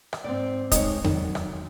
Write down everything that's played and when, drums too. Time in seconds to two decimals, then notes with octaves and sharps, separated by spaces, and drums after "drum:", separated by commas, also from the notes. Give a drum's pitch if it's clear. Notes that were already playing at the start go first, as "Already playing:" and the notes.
0.13 drum: rim click
0.24 G#2 C4 D5
0.72 G2 G#3 D#4 C#5, drum: kick, hi-hat
1.04 D#3 F#3 B3 D4, drum: tom E2
1.35 drum: rim click